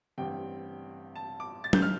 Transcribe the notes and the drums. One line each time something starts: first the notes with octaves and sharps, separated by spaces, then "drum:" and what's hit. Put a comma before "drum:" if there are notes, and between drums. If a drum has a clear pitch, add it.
A1 G2 G3 C4 G5
A5
D6
A6
G6, drum: tom
F6